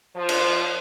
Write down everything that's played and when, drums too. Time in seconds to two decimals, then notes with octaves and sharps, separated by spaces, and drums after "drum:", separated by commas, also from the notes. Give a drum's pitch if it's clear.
0.16 F3
0.29 drum: cymbal